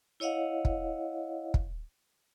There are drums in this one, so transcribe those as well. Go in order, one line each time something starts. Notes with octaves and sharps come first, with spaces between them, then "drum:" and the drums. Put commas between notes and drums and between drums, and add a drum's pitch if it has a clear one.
E4 C#5 D#5 F5 F#5
drum: kick
drum: kick